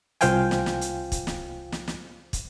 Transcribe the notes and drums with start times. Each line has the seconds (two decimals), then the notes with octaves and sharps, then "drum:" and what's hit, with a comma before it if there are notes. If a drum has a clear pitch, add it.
0.21 C2 F4 C5 F5 G5 G#5, drum: hi-hat
0.51 drum: snare
0.66 drum: snare
0.81 drum: hi-hat
1.12 drum: kick, hi-hat
1.27 drum: snare
1.72 drum: snare
1.88 drum: snare
2.33 drum: kick, hi-hat